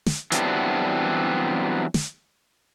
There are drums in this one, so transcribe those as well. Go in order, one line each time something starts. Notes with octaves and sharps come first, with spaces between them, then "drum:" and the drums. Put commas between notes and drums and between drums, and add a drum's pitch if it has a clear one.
drum: snare
E3 F#3 G3 B3 C4 D4, drum: hi-hat
drum: snare